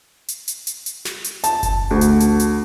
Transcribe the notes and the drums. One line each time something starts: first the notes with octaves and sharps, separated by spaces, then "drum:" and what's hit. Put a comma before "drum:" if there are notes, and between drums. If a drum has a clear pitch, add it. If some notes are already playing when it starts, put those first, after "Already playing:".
drum: hi-hat
drum: hi-hat
drum: hi-hat
drum: hi-hat
drum: snare
drum: hi-hat
A5, drum: hi-hat
drum: kick F#1, hi-hat
D2
drum: hi-hat
drum: hi-hat
drum: hi-hat